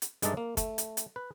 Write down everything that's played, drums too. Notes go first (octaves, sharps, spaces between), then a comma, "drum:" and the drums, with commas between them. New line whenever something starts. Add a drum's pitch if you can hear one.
drum: hi-hat
G2 G#3 D#4 A4 D5 E5, drum: hi-hat
A#3
A3, drum: kick, hi-hat
drum: hi-hat
drum: hi-hat
B4